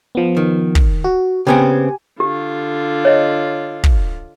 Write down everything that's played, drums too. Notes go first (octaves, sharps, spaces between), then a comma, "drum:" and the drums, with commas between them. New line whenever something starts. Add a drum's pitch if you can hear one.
F3 B3
D#3
drum: kick
F#4
C#3 B3 C4 G4 G#5
D3 F4 G4
C#5 D#5
drum: kick